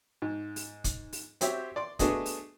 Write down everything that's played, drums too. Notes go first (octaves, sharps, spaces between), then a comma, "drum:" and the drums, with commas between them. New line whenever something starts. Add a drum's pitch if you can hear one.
G#2
drum: open hi-hat
drum: kick, hi-hat
drum: open hi-hat
C4 F#4 G4 C5 C#5 E5, drum: hi-hat
D5 C6 D6
A3 B3 D4 F#4 G#4 D#5, drum: kick, hi-hat
drum: open hi-hat